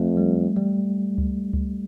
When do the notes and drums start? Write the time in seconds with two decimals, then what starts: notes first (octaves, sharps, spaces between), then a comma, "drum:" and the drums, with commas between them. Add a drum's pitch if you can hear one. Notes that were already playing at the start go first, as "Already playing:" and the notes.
Already playing: F2 A3
0.17 G3
0.56 G3, drum: tom E3
1.18 drum: kick C#2
1.53 drum: kick C#2